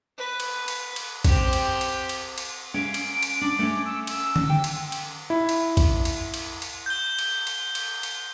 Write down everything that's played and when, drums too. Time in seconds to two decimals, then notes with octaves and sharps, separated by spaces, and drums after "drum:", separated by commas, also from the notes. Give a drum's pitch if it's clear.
0.18 B4
0.40 drum: cymbal
0.68 drum: cymbal
0.96 drum: cymbal
1.25 C4 G4, drum: kick A#1, cymbal
1.53 drum: cymbal
1.81 drum: cymbal
2.09 drum: cymbal
2.38 drum: cymbal
2.74 C#4 E5 F5 D7
2.94 drum: cymbal
3.23 drum: cymbal
3.41 D4 D6
3.59 A3 C#4
3.85 E6
4.07 drum: cymbal
4.36 drum: tom D3
4.49 G5
4.64 drum: cymbal
4.92 drum: cymbal
5.30 E4
5.49 drum: cymbal
5.77 drum: kick A#1, cymbal
6.05 drum: cymbal
6.34 drum: cymbal
6.62 drum: cymbal
6.86 G6 G7
7.18 drum: cymbal
7.47 drum: cymbal
7.75 drum: cymbal
8.03 drum: cymbal